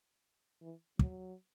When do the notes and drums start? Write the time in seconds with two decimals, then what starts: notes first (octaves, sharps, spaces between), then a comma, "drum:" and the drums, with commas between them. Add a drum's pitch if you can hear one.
0.61 E3
0.99 F#3, drum: kick